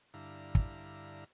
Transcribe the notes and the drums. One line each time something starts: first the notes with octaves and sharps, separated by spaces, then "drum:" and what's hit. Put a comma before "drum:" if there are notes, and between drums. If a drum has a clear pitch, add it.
G2 D3 E4 F5 A#5
drum: kick